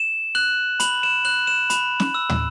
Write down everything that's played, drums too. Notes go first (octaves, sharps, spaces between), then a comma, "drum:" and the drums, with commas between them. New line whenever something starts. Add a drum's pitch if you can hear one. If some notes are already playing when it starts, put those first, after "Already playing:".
Already playing: E7
F#6 F#7
B5 F#7, drum: hi-hat
E7
F#6 F#7
E7
B5, drum: hi-hat
drum: snare
E6
drum: tom